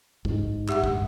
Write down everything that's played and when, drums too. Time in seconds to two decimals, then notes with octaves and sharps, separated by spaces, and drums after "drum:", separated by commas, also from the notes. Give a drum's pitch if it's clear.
0.25 G#2, drum: kick
0.69 G2 G4 E5 F#5, drum: clap
0.84 drum: kick